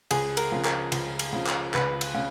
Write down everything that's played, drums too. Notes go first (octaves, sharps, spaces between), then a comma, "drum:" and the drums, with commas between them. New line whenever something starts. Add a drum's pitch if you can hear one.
C#2 G#4, drum: cymbal
A#4, drum: cymbal
C#3 F3
A#4, drum: clap
C#2, drum: cymbal
drum: cymbal
C#3 F3
drum: clap
C#2 B4, drum: clap
drum: cymbal
C#3